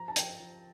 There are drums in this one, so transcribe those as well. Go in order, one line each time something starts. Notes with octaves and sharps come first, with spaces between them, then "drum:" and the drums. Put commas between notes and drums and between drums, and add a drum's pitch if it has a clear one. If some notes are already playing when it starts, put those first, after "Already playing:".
Already playing: F3 A#5
A5
F3 G5, drum: hi-hat
F3